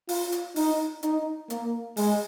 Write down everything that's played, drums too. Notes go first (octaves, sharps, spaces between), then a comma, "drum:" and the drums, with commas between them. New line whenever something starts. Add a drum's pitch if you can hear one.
F4, drum: open hi-hat
drum: hi-hat
D#4, drum: open hi-hat
D#4, drum: hi-hat
A#3, drum: hi-hat
G#3, drum: open hi-hat